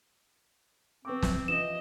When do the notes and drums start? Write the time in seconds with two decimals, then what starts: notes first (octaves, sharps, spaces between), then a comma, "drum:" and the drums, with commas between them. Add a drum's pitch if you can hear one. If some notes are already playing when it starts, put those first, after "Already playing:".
1.05 B3 C4 C#6 D6
1.23 drum: snare
1.48 C#3 E3 F3 D#5 E7